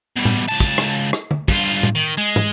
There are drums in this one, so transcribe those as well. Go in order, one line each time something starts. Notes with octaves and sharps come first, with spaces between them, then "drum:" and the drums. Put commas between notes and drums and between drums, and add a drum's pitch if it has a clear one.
B2 G3
drum: tom A2
C#2 A5
drum: kick
drum: rim click
drum: rim click
drum: tom
G2 F4, drum: kick
drum: tom A2
D#3
G#3
drum: tom